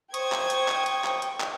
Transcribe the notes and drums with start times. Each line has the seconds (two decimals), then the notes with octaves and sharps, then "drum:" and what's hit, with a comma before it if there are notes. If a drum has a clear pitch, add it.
0.14 C5 G5 C#6 D#6 G#6, drum: hi-hat
0.32 drum: clap
0.50 drum: hi-hat
0.68 drum: clap
0.86 drum: hi-hat
1.04 drum: clap
1.22 drum: hi-hat
1.40 drum: clap